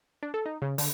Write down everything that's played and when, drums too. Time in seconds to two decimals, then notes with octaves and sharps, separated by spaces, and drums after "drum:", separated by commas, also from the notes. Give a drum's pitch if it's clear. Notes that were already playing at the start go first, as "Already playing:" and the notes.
0.23 D4
0.34 A4
0.46 D#4
0.62 C#3
0.78 D3, drum: open hi-hat